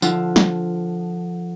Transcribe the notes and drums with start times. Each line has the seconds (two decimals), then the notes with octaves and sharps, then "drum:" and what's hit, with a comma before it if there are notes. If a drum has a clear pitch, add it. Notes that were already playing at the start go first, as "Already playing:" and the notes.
0.02 D3 F3, drum: tambourine
0.36 drum: snare